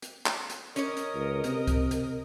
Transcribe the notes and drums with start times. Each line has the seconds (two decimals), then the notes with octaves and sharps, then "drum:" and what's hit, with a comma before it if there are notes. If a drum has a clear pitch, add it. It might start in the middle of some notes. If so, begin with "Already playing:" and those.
0.02 drum: hi-hat
0.26 drum: clap
0.50 drum: hi-hat
0.76 C#4 A#4 C#5 D#5, drum: hi-hat
0.97 drum: hi-hat
1.15 C#2
1.44 C3, drum: hi-hat
1.67 drum: kick C2, hi-hat
1.91 drum: hi-hat